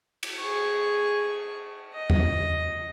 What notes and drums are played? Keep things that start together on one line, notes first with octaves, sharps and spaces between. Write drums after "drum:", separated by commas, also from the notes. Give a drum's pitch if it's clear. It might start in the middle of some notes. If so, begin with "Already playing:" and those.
drum: cymbal
G#4 C#6
D#5
drum: tom E2